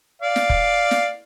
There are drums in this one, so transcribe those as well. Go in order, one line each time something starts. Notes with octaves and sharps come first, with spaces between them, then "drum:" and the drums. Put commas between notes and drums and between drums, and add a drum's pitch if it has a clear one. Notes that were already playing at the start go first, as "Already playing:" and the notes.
D5 F5
drum: snare
drum: kick
drum: snare